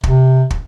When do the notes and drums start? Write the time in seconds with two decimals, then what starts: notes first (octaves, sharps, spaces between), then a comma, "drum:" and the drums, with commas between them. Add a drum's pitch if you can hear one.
0.04 C3, drum: kick
0.50 drum: kick